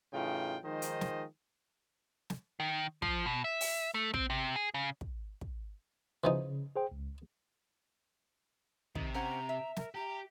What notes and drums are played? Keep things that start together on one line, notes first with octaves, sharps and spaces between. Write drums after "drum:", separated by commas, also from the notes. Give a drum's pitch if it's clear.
A2 C#3 E3 D#4 F4 G5
D#3 F3 G#3 D#4 C5 D#5
drum: hi-hat
drum: snare
drum: snare
D#3
F3, drum: kick
B2
E5
drum: open hi-hat
A3
C4, drum: kick
C3
G#4
C#3
drum: kick
drum: kick
C#3 E3 F3 D#4
G#4 C5 G5
C#2
C3 D#3, drum: kick
C#4 C5 F#5 A#5
E5
A#4, drum: snare
G4 A#5